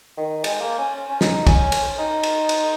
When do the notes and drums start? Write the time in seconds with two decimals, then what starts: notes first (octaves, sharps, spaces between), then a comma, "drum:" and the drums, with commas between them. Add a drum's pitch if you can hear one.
0.18 D#3
0.44 G#3, drum: cymbal
0.61 A#3
0.78 C#4
1.09 C#4
1.21 D#4, drum: snare
1.47 C#4, drum: kick, cymbal
1.72 drum: cymbal
1.98 D#4
2.23 drum: cymbal
2.49 drum: cymbal